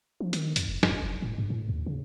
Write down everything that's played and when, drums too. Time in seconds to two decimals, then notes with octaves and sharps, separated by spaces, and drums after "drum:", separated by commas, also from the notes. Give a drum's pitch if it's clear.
0.20 F3
0.33 D#3, drum: hi-hat
0.56 F2, drum: hi-hat
0.69 F1
0.83 F2, drum: snare
1.02 F#1
1.22 A2
1.38 G2
1.50 A2
1.69 D#2
1.86 C#3